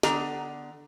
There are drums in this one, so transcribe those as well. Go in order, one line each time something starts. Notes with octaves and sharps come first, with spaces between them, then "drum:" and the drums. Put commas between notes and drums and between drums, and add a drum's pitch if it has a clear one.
D3 B3 A#5, drum: snare